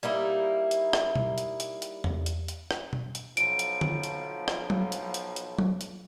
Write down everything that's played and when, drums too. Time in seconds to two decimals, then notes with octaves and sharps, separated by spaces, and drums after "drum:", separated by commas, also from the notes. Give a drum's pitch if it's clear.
0.03 G3 A#3 D#4 E4
0.71 drum: hi-hat
0.93 drum: rim click
1.16 drum: tom B2
1.38 drum: hi-hat
1.60 drum: hi-hat
1.82 drum: hi-hat
2.04 drum: tom E2
2.26 drum: hi-hat
2.48 drum: hi-hat
2.71 drum: rim click
2.93 drum: tom B2
3.15 drum: hi-hat
3.37 B1 F3 D7, drum: hi-hat
3.59 drum: hi-hat
3.81 drum: tom D3
4.03 drum: hi-hat
4.48 drum: rim click
4.70 drum: tom F#3
4.92 drum: hi-hat
5.14 drum: hi-hat
5.36 drum: hi-hat
5.59 drum: tom F#3
5.81 drum: hi-hat